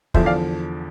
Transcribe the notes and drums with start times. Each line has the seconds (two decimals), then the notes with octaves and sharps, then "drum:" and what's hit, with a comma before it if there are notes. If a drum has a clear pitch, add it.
0.14 E2 D3 F3 C5 E5, drum: kick
0.26 D5 F5